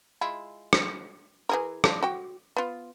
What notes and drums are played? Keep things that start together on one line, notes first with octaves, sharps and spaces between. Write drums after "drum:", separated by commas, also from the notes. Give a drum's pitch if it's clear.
G#3 E4 F4
drum: rim click
E3 G#4 A#4
A3 D4 F4, drum: rim click
F#4 G5
B3 F4